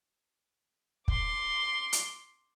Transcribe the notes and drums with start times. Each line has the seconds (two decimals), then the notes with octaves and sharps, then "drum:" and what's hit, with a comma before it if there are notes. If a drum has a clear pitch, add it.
1.08 C6 D6, drum: kick
1.93 drum: hi-hat